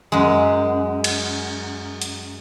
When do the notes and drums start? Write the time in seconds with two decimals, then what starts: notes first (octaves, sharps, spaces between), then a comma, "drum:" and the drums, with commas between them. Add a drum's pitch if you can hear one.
0.12 F#2 G#3
1.04 drum: cymbal
2.02 drum: hi-hat